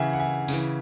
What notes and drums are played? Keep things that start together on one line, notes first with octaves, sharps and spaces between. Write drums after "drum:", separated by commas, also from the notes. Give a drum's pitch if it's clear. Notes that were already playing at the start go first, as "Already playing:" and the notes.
Already playing: C#3 E3 E5 F#5 G#5
F#5
E5 G#5
C#3 E3, drum: tambourine